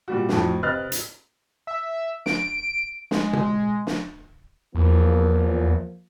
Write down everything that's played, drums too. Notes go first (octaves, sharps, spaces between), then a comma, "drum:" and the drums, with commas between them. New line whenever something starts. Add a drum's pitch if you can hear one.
A#2 G3 F#4
F2 A2 F#3, drum: snare
C3 B4 D#5 F6 F#6 A6
drum: hi-hat
E5
D7, drum: snare
G#3, drum: snare
drum: tom B2
drum: snare
E2 F3 A#3